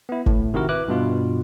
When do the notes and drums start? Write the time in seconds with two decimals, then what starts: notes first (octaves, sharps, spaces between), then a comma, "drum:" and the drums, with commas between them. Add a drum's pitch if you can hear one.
0.09 B3 E4
0.26 A2, drum: kick G1
0.54 C3 D#3 E4 F#4 A#4
0.69 E4 B4 D6 F#6
0.88 G2 B2 F4